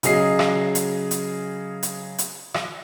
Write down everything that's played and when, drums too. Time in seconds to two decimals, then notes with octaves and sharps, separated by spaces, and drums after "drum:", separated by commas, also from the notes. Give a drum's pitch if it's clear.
0.03 C#3 F#3 G#4 D#5 C7, drum: hi-hat
0.39 drum: rim click
0.75 drum: hi-hat
1.11 drum: hi-hat
1.83 drum: hi-hat
2.18 drum: hi-hat
2.54 drum: rim click